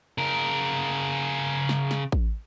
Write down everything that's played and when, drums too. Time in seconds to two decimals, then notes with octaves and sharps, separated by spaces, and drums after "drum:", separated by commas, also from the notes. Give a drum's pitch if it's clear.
0.18 C#3 A#4
1.69 drum: snare
1.91 drum: snare
2.12 drum: kick A1